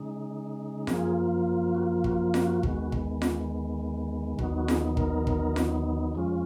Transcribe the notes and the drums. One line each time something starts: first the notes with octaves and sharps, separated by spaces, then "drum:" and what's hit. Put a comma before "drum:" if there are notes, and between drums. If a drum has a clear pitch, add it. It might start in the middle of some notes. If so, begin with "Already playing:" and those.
Already playing: C#3 G#3 D#4
F#2 F3 A#3 F4 G#4, drum: snare F4
F#4
F#4, drum: kick
F#4, drum: snare F4
D#2 D#3 G#3 B3, drum: kick
drum: kick
drum: snare F4
D#2 D#3 F#3 B3 D#4 F#4, drum: kick
F#4
G#4, drum: snare F4
A#4, drum: kick
drum: kick
drum: snare F4
F2 F3 G#3 C#4 F4